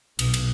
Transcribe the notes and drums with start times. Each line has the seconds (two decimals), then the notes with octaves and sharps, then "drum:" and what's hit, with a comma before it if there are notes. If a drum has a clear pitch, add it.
0.19 B1, drum: cymbal
0.34 drum: cymbal